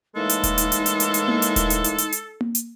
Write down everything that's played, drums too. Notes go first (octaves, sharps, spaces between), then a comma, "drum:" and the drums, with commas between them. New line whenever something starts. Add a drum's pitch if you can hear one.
A2 E3 G#3 A#3 D#4 A4
drum: hi-hat
drum: kick D#1, hi-hat
drum: hi-hat
drum: hi-hat
drum: hi-hat
drum: hi-hat
drum: hi-hat
drum: tom A#3
drum: hi-hat
drum: kick D#1, hi-hat
drum: hi-hat
drum: hi-hat
drum: hi-hat
drum: hi-hat
drum: tom A#3
drum: hi-hat